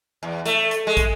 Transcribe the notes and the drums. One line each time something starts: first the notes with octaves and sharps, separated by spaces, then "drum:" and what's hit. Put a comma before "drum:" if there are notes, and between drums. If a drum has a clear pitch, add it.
E2
A3, drum: hi-hat
drum: hi-hat
G#3
drum: kick, hi-hat